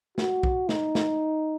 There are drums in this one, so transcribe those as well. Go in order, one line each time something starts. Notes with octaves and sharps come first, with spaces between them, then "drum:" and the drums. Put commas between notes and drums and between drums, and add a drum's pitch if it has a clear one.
F#4, drum: snare
drum: kick
D#4, drum: snare
drum: snare